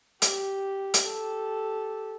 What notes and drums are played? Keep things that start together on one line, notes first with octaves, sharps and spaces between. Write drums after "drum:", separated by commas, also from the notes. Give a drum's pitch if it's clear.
G4, drum: hi-hat
drum: hi-hat
G4 A4